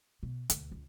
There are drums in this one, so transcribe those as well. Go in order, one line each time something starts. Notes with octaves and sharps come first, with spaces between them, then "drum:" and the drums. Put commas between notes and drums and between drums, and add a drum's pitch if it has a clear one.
B2
D2, drum: hi-hat
C#2